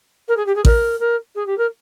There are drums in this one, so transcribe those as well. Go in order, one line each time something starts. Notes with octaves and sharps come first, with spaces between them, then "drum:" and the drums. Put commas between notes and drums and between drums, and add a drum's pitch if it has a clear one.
A#4
G#4
G4
G#4
A#4, drum: kick A1
A#4
G#4
G4
A#4